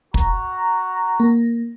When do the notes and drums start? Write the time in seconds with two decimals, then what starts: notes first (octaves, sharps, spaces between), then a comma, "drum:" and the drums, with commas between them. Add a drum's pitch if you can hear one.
0.14 F#4 A#5, drum: kick
1.20 A#3